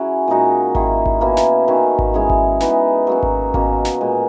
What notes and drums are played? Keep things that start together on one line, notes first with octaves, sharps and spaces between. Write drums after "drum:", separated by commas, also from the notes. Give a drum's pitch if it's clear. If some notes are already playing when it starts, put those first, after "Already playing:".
Already playing: F#3 C#4 E4 G#4
A#2 G#3 D#4 F#4
D#3 A#3 E4, drum: kick G#1
drum: kick G#1
B2 A#3 C#4 E4
drum: snare
D#3 F#3 C#4
drum: kick G#1
G#3 C#4 E4 G#4
drum: kick G#1
E3 B3 D#4, drum: snare
F#3 A#3 C#4
drum: kick G#1
B2 A#3 C#4, drum: kick G#1
drum: snare
A#2 G#3 B3